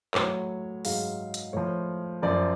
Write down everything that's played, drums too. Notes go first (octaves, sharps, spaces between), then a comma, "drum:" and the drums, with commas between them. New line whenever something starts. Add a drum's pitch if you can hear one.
A2 F#3 C#5, drum: clap
G#2 F#3 F5, drum: open hi-hat
drum: hi-hat
A2 F3 C#5
F#2 F3 D5